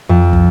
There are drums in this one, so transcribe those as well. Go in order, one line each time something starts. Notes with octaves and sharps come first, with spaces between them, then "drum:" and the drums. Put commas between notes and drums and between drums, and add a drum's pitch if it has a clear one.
F2
drum: kick